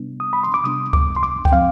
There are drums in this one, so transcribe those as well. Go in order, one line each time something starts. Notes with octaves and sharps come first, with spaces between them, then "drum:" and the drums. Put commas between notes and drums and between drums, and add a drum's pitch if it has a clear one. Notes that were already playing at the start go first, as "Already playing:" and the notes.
Already playing: C3 G3 B3 D4
D#6
B5
C6
D6
C3 G3 B3 D4 D#6
D6, drum: kick C#2
C6
D6
G5, drum: kick C#2
F3 C4 F5